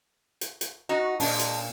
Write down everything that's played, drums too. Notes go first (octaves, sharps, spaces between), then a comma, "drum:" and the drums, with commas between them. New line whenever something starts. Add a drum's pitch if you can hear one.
drum: hi-hat
drum: hi-hat
D#4 F#4
A#2 G#3 D4, drum: open hi-hat
drum: hi-hat